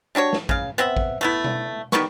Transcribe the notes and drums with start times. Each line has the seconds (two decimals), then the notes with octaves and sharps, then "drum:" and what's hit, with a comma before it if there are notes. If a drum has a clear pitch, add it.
0.15 G3 D4 F#4 C#5
0.33 drum: snare
0.49 C#3 F5, drum: kick A1
0.78 B3 C4 E5 F#5
0.97 drum: kick A1
1.21 A3 B3 E4
1.44 drum: tom B2
1.92 D#3 G3 B3 C#6, drum: snare